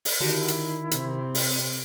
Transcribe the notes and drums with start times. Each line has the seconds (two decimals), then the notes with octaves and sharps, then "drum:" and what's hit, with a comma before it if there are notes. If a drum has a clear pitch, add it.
0.05 drum: open hi-hat
0.20 D3 D#3 E4 F#4 G4
0.48 drum: hi-hat
0.91 C3 C4, drum: hi-hat
1.35 drum: open hi-hat